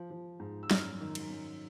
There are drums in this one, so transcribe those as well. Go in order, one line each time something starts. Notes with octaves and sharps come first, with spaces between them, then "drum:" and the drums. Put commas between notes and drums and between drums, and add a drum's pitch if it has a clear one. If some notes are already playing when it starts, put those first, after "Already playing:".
Already playing: F3
F3
G#2
E6
F#2 F6, drum: snare
D#3
drum: cymbal
F#2